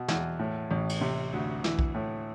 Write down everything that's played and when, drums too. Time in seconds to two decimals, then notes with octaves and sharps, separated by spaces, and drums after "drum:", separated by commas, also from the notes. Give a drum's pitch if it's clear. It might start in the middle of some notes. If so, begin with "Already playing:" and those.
Already playing: B2
0.08 E2, drum: snare
0.39 A2
0.71 A1
0.89 drum: cymbal
1.01 C3
1.33 D2
1.64 E3, drum: snare
1.79 drum: kick B1
1.94 A2